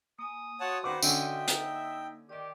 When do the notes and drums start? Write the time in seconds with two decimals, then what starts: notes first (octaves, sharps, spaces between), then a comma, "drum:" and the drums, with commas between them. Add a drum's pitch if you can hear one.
0.19 A#3 G#5 D#6
0.60 F#4 C#5 F5 F#5 A5 C6
0.84 D#3 D#4 B4 C5 F#5 D6
1.03 D3 C#4 D#5 E5 G5, drum: tambourine
1.48 A#3 D#4, drum: hi-hat
2.29 D#3 G4 D5 D#5